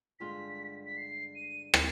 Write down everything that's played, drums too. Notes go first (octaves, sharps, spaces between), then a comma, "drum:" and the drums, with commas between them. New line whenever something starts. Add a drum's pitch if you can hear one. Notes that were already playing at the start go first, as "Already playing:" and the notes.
G2 D3 G#3 D4 F4 B6
B6
C7
D#7
F3 C7, drum: rim click